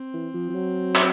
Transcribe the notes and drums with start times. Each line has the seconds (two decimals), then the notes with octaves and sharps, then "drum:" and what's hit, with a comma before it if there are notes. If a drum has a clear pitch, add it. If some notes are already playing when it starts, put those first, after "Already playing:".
Already playing: C4
0.14 E3
0.34 F3
0.50 F3
0.55 F#3
0.95 drum: clap